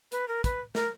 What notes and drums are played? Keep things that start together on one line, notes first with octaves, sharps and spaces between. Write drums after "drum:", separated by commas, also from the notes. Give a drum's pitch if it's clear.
B4, drum: hi-hat
A#4
B4, drum: kick, hi-hat
A#4, drum: snare